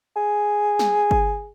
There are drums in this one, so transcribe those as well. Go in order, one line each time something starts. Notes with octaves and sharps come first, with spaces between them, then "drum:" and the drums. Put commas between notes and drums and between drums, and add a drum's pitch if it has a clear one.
G#4
drum: snare
drum: kick G1